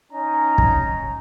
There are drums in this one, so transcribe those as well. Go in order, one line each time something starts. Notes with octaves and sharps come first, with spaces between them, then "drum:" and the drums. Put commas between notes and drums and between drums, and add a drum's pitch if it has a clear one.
C#4 D#4 A#5
drum: kick